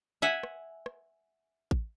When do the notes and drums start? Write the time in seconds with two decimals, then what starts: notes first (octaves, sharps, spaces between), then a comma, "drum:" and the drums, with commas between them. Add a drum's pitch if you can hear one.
0.22 E5 F#5 G#5
0.43 drum: rim click
0.86 drum: rim click
1.71 drum: kick A1